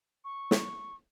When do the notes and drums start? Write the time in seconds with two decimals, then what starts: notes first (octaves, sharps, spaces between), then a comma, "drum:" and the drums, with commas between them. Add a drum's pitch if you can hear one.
0.25 C#6
0.51 drum: snare